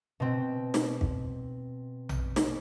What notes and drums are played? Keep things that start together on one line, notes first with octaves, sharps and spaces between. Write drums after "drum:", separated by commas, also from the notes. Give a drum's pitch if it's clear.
B2 C4
drum: snare
drum: kick
drum: tom A#1
drum: snare